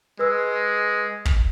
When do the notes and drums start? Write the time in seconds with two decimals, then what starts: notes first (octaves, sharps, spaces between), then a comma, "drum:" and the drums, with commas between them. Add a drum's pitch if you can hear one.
0.19 G#3 B4 E6
1.25 drum: kick